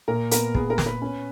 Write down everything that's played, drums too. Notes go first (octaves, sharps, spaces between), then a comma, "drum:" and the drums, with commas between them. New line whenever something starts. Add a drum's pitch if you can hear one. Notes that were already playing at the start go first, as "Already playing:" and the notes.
A#2 A#4
B3 A#4, drum: hi-hat
B3 G#4, drum: kick
A#4
B3, drum: snare
B4
C#4